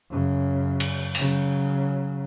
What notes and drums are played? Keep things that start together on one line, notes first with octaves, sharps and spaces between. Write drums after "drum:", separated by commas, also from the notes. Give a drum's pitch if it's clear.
F#2 C#3
drum: cymbal
C#3 F#3, drum: open hi-hat